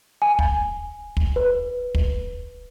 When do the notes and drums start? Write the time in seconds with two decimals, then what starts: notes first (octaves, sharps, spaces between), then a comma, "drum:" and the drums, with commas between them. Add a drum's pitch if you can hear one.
0.22 G#5
0.39 drum: kick
1.17 drum: kick
1.36 B4
1.95 drum: kick